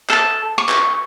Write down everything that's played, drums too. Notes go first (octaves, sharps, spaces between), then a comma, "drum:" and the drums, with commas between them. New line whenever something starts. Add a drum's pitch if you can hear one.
A4 A5, drum: clap
C#6
drum: clap